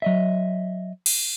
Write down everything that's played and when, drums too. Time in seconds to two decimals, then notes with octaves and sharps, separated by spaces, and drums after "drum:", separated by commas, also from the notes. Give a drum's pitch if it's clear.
0.02 F#3 D#5 E5
1.06 drum: cymbal